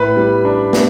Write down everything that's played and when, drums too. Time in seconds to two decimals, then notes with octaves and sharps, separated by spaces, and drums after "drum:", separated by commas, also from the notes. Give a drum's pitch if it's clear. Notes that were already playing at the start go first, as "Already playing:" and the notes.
Already playing: A2 B4 B5
0.16 G3
0.45 D4
0.73 B3, drum: snare